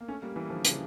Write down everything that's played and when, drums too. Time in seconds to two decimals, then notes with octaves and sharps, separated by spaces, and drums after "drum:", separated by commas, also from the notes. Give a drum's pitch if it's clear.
0.01 A#3
0.08 A3 C#4
0.22 G3 A#3
0.36 E3 G3
0.50 D3 F3
0.65 C#3 E3, drum: hi-hat